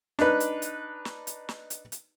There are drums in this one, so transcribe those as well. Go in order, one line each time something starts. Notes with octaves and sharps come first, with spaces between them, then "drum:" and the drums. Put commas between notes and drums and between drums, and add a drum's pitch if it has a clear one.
D4 D#4 B4, drum: snare
drum: hi-hat
drum: hi-hat
drum: snare
drum: hi-hat
drum: snare
drum: hi-hat
drum: hi-hat